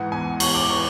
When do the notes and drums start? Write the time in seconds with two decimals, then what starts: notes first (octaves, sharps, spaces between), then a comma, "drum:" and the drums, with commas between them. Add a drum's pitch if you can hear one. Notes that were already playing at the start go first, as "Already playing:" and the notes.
Already playing: G#2 E3 F#5
0.12 E2 G#5
0.40 E2 C#6, drum: cymbal
0.55 D6
0.69 E3 C#6